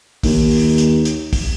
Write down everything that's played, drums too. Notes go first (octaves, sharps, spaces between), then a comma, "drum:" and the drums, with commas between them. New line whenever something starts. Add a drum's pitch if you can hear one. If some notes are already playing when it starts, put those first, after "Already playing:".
D#2, drum: kick, open hi-hat
drum: open hi-hat
drum: hi-hat
drum: hi-hat
drum: kick, open hi-hat